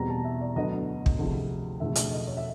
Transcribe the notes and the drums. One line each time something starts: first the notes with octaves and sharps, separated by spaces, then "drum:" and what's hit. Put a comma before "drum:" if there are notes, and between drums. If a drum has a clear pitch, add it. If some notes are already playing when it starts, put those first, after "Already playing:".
Already playing: E2 B2 G3 C4 A#5
A5
E5
D5
D2 D3 F#3 B3 D#5
drum: kick
D2 C3 F3 G#3
E1 D2 C#3 F3 A3 E5
E5, drum: hi-hat
D#5
C#5
E5